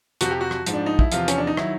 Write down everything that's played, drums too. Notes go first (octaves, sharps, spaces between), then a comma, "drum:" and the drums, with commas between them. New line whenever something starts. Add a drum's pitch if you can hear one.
F2 C3 F3 F#4, drum: hi-hat
G4
F#4
drum: rim click
G#2 F3, drum: hi-hat
D4
D#4
E4, drum: kick
E2 C3 F3 F4, drum: hi-hat
C#4, drum: hi-hat
D4
D#4
D#3 F#3 E4, drum: rim click